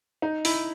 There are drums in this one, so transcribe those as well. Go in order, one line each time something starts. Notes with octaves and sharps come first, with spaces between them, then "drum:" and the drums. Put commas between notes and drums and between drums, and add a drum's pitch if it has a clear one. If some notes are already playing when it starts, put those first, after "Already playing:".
D#4
E4, drum: open hi-hat